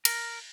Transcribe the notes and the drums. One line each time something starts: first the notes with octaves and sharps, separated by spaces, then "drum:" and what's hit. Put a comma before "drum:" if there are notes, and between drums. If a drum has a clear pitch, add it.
A#4, drum: cymbal